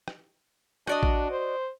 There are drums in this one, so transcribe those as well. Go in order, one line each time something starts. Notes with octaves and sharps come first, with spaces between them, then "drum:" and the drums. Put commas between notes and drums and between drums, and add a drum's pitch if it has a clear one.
drum: rim click
D4 F#4 D5 D#5, drum: rim click
drum: kick A1
C5